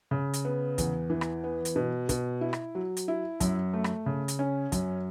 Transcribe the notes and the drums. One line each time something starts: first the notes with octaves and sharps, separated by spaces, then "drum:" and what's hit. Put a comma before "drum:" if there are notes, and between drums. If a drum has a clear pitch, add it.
C#3
drum: hi-hat
B3
E2, drum: kick, hi-hat
E3
drum: rim click
B3
drum: hi-hat
B2
B2, drum: kick, hi-hat
E4
drum: rim click
F#3
drum: hi-hat
E4
F#2, drum: kick, hi-hat
A3
drum: rim click
C#3
drum: hi-hat
C#4
F#2, drum: kick, hi-hat